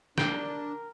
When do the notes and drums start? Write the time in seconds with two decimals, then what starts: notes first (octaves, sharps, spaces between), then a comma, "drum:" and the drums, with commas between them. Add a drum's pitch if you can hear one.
0.18 D4 A#4 G5, drum: snare